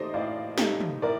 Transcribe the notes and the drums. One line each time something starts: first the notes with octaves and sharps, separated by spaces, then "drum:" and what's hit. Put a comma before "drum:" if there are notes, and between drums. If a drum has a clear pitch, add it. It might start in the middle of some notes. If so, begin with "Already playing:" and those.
Already playing: A3 D#4 G4 C5 D5 D#5
A2 D5 F5
A3 D#4 G4, drum: snare
drum: tom
A2 A#4 D5